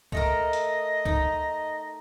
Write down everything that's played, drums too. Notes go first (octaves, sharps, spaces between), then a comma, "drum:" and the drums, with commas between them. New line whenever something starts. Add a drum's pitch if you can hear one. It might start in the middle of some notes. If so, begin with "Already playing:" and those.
A3 A4 A#4 D#5, drum: kick
drum: hi-hat
D#4, drum: kick